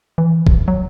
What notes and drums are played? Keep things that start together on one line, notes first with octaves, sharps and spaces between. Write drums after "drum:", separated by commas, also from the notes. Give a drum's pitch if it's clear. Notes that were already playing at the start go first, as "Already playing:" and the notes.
E3
D1, drum: kick
F#3